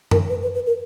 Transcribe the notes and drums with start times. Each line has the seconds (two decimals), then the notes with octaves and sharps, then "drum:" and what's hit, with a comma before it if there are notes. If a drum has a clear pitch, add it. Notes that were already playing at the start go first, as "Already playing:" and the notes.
0.11 A#4, drum: tom F#2
0.29 B4
0.42 B4
0.54 B4
0.66 A#4